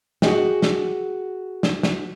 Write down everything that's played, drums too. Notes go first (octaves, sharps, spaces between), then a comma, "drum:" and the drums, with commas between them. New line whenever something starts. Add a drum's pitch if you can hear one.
F#4 G#4 D#5 G5, drum: snare
drum: snare
drum: snare
drum: snare